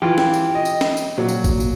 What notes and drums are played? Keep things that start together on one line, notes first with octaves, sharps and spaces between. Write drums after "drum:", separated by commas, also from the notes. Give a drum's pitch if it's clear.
E3 F4 G4
drum: snare
drum: tambourine
D#5
drum: tambourine
drum: snare
drum: tambourine
A#2 F#3
drum: tambourine
drum: kick A1, tambourine
drum: tambourine